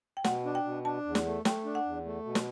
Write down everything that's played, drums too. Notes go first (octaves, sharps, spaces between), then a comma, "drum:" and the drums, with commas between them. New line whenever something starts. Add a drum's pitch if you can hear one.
G5
B2 F#5, drum: snare
D4
G5
B2
D4 A5
E2
drum: snare
A3
A3 G5, drum: snare
D4
F#5
E2
A3
B2
drum: snare